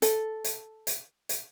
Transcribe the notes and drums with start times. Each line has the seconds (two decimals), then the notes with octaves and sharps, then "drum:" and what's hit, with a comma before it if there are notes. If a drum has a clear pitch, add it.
0.02 A4, drum: hi-hat
0.44 drum: hi-hat
0.87 drum: hi-hat
1.29 drum: hi-hat